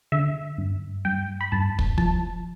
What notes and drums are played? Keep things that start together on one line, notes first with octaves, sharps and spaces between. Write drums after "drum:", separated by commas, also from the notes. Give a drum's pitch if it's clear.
D3 E5
G2
G2 G5
B5
G2 A5
drum: kick
F3 A5, drum: kick